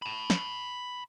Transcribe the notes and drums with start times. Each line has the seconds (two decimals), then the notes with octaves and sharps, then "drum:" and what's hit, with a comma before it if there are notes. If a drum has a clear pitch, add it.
0.02 A5 B5
0.30 drum: snare